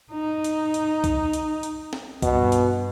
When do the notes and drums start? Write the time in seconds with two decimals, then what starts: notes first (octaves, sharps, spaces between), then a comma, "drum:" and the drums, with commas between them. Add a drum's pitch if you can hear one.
0.12 D#4
0.44 drum: hi-hat
0.74 drum: hi-hat
1.04 drum: kick B1, hi-hat
1.33 drum: hi-hat
1.63 drum: hi-hat
1.93 drum: snare
2.22 G2 B2 B3, drum: kick B1, hi-hat
2.52 drum: hi-hat